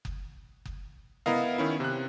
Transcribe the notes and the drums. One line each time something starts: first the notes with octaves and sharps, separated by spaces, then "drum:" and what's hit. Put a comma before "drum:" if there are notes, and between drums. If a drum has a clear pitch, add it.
drum: kick F#1
drum: kick F#1
B3 E4 A#4 D#5 F5, drum: snare
D#3 C#4 E4
C3 F#6